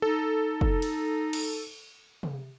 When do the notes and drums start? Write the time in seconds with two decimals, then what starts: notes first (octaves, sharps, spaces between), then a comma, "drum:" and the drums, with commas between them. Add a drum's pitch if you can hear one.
0.02 D#4 A4
0.61 drum: kick
0.82 drum: cymbal
1.33 drum: cymbal
2.23 drum: tom C3